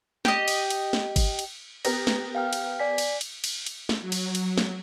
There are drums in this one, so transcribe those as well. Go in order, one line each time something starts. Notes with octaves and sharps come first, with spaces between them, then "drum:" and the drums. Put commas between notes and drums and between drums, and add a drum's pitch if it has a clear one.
G4 D#5, drum: snare
drum: cymbal
drum: cymbal
drum: snare
drum: kick G1, cymbal
drum: cymbal
B3 G4 A#4 A#6, drum: cymbal
drum: snare
F5 G5 F6
drum: cymbal
D5 G#5 B6
drum: cymbal
drum: cymbal
drum: cymbal
drum: cymbal
drum: snare
F#3
drum: cymbal
drum: cymbal
drum: snare